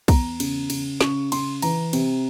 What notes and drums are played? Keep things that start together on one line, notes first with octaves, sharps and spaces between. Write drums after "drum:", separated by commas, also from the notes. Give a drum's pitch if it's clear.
E2 A#5, drum: kick, cymbal
C#3, drum: cymbal
C#3, drum: cymbal
C#3 C#6, drum: snare
C#3 C6, drum: cymbal
E3 A#5, drum: cymbal
C3, drum: cymbal